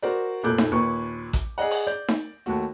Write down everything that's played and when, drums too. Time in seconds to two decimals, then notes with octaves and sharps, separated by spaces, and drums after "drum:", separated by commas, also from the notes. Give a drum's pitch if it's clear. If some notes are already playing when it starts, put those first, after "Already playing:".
0.02 F#4 A#4 C5 D5
0.43 F1 A#2 A4 D6 F#6 G6
0.58 drum: snare D#4
0.71 D#2 A#2 B4 C#6
1.33 drum: kick A1, hi-hat
1.58 G#4 D5 D#5 F#5
1.71 drum: open hi-hat
1.87 D5 G6
2.08 drum: snare D#4
2.46 D#2 A3 F#4